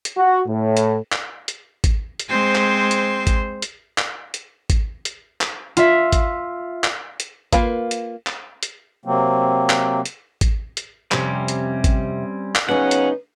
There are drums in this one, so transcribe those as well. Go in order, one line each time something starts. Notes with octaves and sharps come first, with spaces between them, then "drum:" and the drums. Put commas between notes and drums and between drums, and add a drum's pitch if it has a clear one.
drum: hi-hat
F#4
A2
drum: hi-hat
drum: clap
drum: hi-hat
drum: kick G#1, hi-hat
drum: hi-hat
G#3 C4 C5
drum: clap
drum: hi-hat
drum: kick G#1, hi-hat
drum: hi-hat
drum: clap
drum: hi-hat
drum: kick G#1, hi-hat
drum: hi-hat
drum: clap
F4 E5, drum: hi-hat
drum: kick G#1, hi-hat
drum: clap
drum: hi-hat
A#3 F4 B4 F5, drum: kick G#1, hi-hat
drum: hi-hat
drum: clap
drum: hi-hat
C3 F#3 A#3 C4
drum: clap
drum: hi-hat
drum: kick G#1, hi-hat
drum: hi-hat
F2 C3 G3 C4 C#4, drum: clap
drum: hi-hat
drum: kick G#1, hi-hat
drum: clap
C#3 F#3 B3 C#4 D#4 F#5
drum: hi-hat